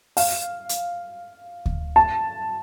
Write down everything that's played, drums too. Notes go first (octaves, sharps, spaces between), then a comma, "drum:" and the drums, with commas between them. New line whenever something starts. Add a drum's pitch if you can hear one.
F5, drum: open hi-hat
drum: hi-hat
drum: kick D2
A5